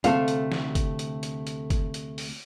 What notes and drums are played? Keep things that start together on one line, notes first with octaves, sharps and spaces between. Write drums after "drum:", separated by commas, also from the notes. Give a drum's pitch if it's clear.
D2 C3 A3 A4 F5, drum: hi-hat
drum: hi-hat
drum: snare
drum: kick, hi-hat
drum: hi-hat
drum: hi-hat
drum: hi-hat
drum: kick, hi-hat
drum: hi-hat
drum: open hi-hat